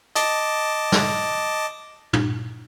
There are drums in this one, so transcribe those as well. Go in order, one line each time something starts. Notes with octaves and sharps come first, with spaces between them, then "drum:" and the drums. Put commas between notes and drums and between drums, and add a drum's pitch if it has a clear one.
D#5 A5 D6, drum: hi-hat
drum: snare
drum: tom